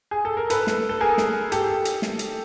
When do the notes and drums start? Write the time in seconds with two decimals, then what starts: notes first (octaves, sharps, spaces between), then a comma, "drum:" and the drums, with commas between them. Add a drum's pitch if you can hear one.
0.11 G#4
0.25 A4
0.37 A#4
0.50 A4 B4, drum: hi-hat
0.67 drum: snare
0.89 A4
1.01 G#4 A#4
1.18 drum: snare
1.52 G4 A4, drum: hi-hat
1.85 drum: hi-hat
2.02 drum: snare
2.19 drum: hi-hat